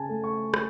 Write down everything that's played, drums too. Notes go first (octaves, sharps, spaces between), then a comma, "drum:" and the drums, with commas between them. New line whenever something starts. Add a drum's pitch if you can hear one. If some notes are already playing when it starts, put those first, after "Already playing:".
Already playing: C#3 G#5 A5
A3
C#6
drum: rim click